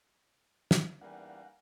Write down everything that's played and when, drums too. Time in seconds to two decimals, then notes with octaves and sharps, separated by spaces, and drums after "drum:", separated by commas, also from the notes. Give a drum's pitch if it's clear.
0.71 drum: snare
1.01 E2 G3 A#3 C#4 D#4 F#5